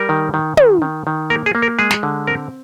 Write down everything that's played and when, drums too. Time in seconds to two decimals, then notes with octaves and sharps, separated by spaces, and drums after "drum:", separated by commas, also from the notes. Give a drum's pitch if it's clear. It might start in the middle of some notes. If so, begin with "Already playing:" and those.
Already playing: G3 A#4
0.09 D#3
0.34 D#3
0.57 D#3, drum: tom
0.82 D#3
1.07 D#3
1.30 A#3 A#4
1.46 G#4
1.55 A#3
1.62 A#4
1.79 G#3 G#4
1.91 drum: snare
2.03 D3
2.27 C4 A#4